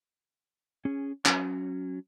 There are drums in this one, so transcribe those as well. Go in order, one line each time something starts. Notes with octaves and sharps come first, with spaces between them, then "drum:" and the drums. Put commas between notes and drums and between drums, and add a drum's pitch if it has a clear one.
C#4 G#4
F#3 C#4, drum: clap